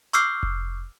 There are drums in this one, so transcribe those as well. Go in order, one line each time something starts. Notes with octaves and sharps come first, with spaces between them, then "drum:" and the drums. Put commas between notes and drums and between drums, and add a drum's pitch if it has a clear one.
C#6 D6 E6 F6 G6 C7
drum: kick F1